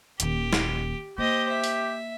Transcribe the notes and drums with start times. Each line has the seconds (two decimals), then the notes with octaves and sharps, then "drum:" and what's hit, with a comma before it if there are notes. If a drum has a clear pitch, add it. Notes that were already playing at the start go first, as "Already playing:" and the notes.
0.20 D#1 D#2 G4, drum: hi-hat
0.53 drum: snare
1.18 A#3 G4 C5 D#5
1.52 E5
1.64 drum: open hi-hat